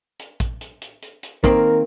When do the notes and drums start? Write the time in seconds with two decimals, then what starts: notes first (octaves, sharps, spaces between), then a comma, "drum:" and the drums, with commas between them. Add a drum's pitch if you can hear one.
0.19 drum: hi-hat
0.40 drum: kick, hi-hat
0.61 drum: hi-hat
0.82 drum: hi-hat
1.02 drum: hi-hat
1.23 drum: hi-hat
1.44 D#3 A#3 C4 A#4, drum: kick, hi-hat